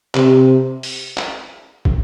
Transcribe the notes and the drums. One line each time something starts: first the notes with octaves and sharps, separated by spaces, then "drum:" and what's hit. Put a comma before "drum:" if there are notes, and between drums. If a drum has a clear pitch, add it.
C3, drum: clap
drum: open hi-hat
drum: clap
drum: kick